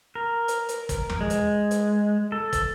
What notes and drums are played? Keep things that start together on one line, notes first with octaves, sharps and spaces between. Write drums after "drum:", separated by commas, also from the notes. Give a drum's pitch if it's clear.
A#4
drum: hi-hat
drum: hi-hat
drum: kick, hi-hat
drum: tom
G#3
drum: hi-hat
drum: hi-hat
A4
drum: kick, hi-hat